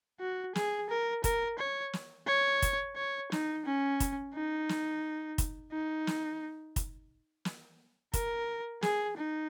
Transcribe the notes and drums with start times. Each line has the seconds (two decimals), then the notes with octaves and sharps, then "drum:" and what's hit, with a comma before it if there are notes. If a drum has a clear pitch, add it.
0.20 F#4
0.55 G#4, drum: snare
0.90 A#4
1.24 A#4, drum: kick, hi-hat
1.59 C#5
1.93 drum: snare
2.27 C#5
2.62 drum: kick, hi-hat
2.96 C#5
3.32 D#4, drum: snare
3.66 C#4
4.00 drum: kick, hi-hat
4.35 D#4
4.69 drum: snare
5.38 drum: kick, hi-hat
5.72 D#4
6.07 drum: snare
6.76 drum: kick, hi-hat
7.45 drum: snare
8.14 A#4, drum: kick, hi-hat
8.82 G#4, drum: snare
9.18 D#4